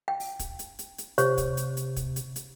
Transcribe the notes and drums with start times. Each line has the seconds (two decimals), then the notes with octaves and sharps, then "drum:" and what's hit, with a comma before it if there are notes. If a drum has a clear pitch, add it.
0.08 G5
0.20 drum: open hi-hat
0.39 drum: kick, hi-hat
0.59 drum: hi-hat
0.79 drum: hi-hat
0.98 drum: hi-hat
1.18 C3 G4 C5 C#5, drum: hi-hat
1.38 drum: kick, hi-hat
1.57 drum: hi-hat
1.77 drum: hi-hat
1.96 drum: kick, hi-hat
2.16 drum: hi-hat
2.36 drum: hi-hat